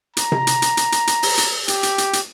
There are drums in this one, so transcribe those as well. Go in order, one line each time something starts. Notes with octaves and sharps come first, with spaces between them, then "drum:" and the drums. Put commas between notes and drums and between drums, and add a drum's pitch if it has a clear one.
A#5, drum: hi-hat
drum: tom C3
drum: hi-hat
drum: hi-hat
drum: hi-hat
drum: hi-hat
drum: hi-hat
drum: open hi-hat
drum: hi-hat
G4, drum: hi-hat
drum: hi-hat
drum: hi-hat
drum: hi-hat